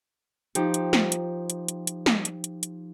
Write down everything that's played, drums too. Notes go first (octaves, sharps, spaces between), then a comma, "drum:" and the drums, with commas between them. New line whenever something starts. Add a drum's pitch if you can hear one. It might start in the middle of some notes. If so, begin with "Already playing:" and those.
F3 D#4 G4, drum: hi-hat
drum: hi-hat
drum: snare
drum: hi-hat
drum: hi-hat
drum: hi-hat
drum: hi-hat
drum: snare
drum: hi-hat
drum: hi-hat
drum: hi-hat